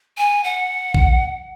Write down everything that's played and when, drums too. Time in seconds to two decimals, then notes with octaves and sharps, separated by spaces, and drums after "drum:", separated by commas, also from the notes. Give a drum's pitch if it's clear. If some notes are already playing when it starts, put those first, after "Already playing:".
0.18 G#5
0.44 F#5
0.94 drum: kick A#1